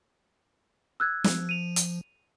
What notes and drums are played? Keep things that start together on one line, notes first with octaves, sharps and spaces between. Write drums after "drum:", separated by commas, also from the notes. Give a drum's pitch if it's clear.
E6 F#6 G#6
F3, drum: snare
D#7 F7
drum: hi-hat